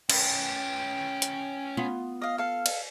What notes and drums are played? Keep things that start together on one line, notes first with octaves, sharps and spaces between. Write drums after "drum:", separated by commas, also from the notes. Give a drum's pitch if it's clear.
C#4 B4 G5, drum: cymbal
drum: hi-hat
B3 F4
D#5 F5 F6
A4 F5
drum: cymbal